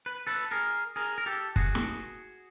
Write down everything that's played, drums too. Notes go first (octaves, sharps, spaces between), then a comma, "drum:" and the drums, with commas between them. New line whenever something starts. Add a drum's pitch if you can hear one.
B4
A4 B4
G#4 A#4
G#4 A#4
A#4
G4 A4
F#4 G#4, drum: kick
drum: snare